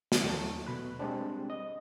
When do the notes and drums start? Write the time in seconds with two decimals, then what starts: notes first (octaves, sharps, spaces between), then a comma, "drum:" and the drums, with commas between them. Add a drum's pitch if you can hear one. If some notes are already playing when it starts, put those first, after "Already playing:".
0.12 E4, drum: snare
0.24 D#2 F#3 A3 D5 G#6
0.67 B2 B5 F#6
0.99 G3 G#3 C4 D4
1.50 D#5